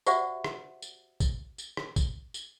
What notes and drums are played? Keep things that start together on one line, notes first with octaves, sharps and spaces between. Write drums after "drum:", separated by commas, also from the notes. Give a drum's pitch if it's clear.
F#4 G4 C5 D5 E5 F#5, drum: tambourine
drum: rim click
drum: tambourine
drum: kick, tambourine
drum: tambourine
drum: rim click
drum: kick, tambourine
drum: tambourine